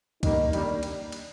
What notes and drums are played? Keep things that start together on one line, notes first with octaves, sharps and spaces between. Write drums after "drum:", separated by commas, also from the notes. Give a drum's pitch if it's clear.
D#3 G3 A#3 D#4, drum: kick C#2, cymbal
D#3 G3 A#3 D4, drum: cymbal
drum: cymbal
drum: cymbal